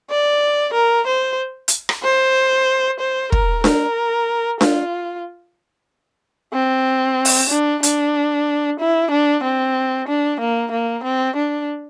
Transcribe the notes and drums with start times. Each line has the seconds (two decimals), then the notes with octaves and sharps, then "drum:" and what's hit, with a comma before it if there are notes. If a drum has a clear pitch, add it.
0.10 D5
0.74 A#4
1.07 C5
1.68 drum: hi-hat
1.89 drum: rim click
2.04 C5
3.00 C5
3.32 A#4, drum: kick
3.64 A#4, drum: snare D4
4.61 F4, drum: snare D4
6.53 C4
7.25 drum: open hi-hat
7.50 D4
7.83 D4, drum: hi-hat
8.80 E4
9.11 D4
9.44 C4
10.08 D4
10.40 A#3
10.72 A#3
11.04 C4
11.36 D4